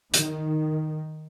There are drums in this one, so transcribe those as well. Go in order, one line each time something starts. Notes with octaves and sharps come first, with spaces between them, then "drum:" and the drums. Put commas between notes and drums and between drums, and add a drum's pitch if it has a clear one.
D#3, drum: hi-hat